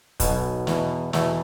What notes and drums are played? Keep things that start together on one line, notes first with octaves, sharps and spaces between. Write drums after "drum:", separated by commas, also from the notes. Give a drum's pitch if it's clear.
B1 B2, drum: kick, hi-hat
E2 B2, drum: snare
E2 B2 A3, drum: snare